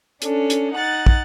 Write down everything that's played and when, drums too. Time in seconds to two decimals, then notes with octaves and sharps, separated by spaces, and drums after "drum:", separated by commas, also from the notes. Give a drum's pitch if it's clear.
0.22 C#4 D4 A4, drum: hi-hat
0.50 drum: hi-hat
0.73 D#4 F#5 F#6 A6
1.06 drum: kick